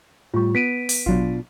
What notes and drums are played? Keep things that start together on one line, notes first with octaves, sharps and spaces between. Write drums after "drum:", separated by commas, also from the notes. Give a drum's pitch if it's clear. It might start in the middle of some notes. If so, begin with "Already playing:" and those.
A2 G3 F4 C#6
B3 B6 D7 D#7
drum: open hi-hat
A1 B2 F#3 D4 F4